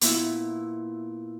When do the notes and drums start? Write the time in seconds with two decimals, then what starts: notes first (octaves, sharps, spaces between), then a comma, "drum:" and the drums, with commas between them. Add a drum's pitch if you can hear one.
0.01 A#2 B3 E4, drum: hi-hat